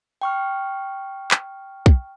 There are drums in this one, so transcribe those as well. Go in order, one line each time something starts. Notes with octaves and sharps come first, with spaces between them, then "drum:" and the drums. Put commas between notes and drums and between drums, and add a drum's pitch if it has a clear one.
G5 C#6 F6
drum: clap
drum: kick